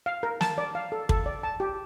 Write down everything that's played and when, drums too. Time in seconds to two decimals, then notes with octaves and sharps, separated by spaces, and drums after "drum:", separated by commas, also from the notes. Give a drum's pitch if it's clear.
0.06 F5
0.23 A#4
0.41 A5, drum: snare
0.58 D5
0.75 F5
0.92 A4
1.09 A4, drum: kick
1.26 D5
1.43 A5
1.60 G4